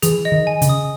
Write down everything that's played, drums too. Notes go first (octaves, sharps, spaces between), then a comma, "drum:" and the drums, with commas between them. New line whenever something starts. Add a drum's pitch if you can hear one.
E3 G#4, drum: hi-hat
D#5
D#3
G#5
C#3, drum: hi-hat
D#6